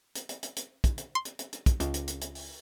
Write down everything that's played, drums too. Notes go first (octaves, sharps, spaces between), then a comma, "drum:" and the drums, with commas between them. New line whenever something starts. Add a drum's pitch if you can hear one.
drum: hi-hat
drum: hi-hat
drum: hi-hat
drum: hi-hat
drum: kick, hi-hat
drum: hi-hat
C6
drum: hi-hat
drum: hi-hat
drum: hi-hat
drum: kick, hi-hat
C#2, drum: hi-hat
drum: hi-hat
drum: hi-hat
drum: hi-hat
drum: open hi-hat